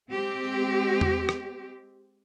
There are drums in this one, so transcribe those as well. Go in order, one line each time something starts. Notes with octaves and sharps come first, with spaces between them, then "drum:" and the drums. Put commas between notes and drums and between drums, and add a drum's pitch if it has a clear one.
G#3 C4 G4
drum: tom E2
drum: rim click